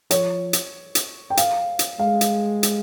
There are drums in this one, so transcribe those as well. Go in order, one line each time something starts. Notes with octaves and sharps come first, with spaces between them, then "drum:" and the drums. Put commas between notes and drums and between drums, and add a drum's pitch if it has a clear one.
F3 C#5, drum: hi-hat
drum: hi-hat
drum: hi-hat
G5
F5, drum: hi-hat
drum: hi-hat
G#3 F5
drum: hi-hat
drum: hi-hat